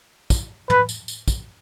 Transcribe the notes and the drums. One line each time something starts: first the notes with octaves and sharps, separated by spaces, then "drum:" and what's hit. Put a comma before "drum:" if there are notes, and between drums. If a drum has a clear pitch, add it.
drum: kick, tambourine
B4, drum: tom
drum: tambourine
drum: tambourine
drum: kick, tambourine